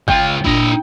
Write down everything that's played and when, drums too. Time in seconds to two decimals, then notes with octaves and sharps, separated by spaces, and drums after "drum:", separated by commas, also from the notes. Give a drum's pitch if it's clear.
0.08 C#2 F4 G5, drum: kick G1
0.45 A#2 D4 E4 D#5, drum: kick G1